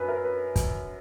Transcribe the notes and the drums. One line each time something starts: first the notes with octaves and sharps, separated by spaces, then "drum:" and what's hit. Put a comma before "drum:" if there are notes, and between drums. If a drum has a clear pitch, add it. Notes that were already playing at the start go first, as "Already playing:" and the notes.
Already playing: F#2 B4
A#4
B4
drum: kick, hi-hat